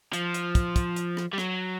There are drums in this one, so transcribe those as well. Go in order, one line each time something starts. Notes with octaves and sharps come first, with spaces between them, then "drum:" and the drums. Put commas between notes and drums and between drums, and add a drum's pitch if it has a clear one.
F3, drum: hi-hat
drum: hi-hat
drum: kick, hi-hat
drum: kick, hi-hat
drum: hi-hat
drum: rim click
G3
F#3, drum: rim click